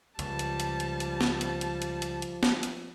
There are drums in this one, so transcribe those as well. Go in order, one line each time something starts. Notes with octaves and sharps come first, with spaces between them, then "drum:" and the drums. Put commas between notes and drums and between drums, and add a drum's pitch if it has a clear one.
C#2 F3 G3 A5, drum: hi-hat
drum: hi-hat
drum: hi-hat
drum: hi-hat
drum: hi-hat
drum: snare
drum: hi-hat
drum: hi-hat
drum: hi-hat
drum: hi-hat
drum: hi-hat
drum: snare
drum: hi-hat